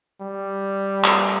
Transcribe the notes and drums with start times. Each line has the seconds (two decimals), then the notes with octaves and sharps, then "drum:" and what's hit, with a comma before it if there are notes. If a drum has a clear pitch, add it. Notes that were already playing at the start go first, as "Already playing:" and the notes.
0.21 G3
1.05 drum: clap